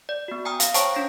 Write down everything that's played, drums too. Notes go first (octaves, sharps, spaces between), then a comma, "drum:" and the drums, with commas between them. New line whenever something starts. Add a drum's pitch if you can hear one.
D5
B3 F#4
G5 G#5 A#5 D#6 F6
F5, drum: hi-hat
C5 C#5 G5 A5 A#5 C#6, drum: hi-hat
C#4 D4 A#6